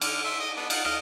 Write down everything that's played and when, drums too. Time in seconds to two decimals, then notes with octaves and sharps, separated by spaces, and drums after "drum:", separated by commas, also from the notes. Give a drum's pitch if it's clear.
0.01 D3 F6, drum: cymbal
0.24 E5 C6
0.40 D#5
0.57 B3 D4
0.70 D#4 F4 F#5, drum: cymbal
0.85 D#5 F5, drum: rim click